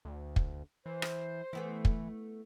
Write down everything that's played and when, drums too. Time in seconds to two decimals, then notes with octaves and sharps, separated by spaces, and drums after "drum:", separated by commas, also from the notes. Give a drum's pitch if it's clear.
0.05 D2
0.36 drum: kick
0.86 E3 C5
1.02 drum: rim click
1.53 E3 A3 B3 E4
1.85 drum: kick